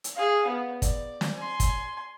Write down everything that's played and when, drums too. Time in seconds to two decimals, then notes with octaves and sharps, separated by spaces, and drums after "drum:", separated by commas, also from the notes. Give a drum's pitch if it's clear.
0.04 drum: hi-hat
0.15 G#4 F5
0.47 B3
0.82 D5, drum: kick, hi-hat
1.21 drum: snare
1.37 G#5 C6
1.60 drum: kick, hi-hat